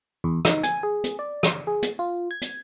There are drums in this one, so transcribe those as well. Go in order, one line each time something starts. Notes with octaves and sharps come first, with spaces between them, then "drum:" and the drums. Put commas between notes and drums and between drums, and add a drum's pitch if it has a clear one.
E2
D#4, drum: rim click
G#5, drum: hi-hat
G#4
drum: hi-hat
D5
drum: rim click
G#4
drum: hi-hat
F4
G#6
drum: hi-hat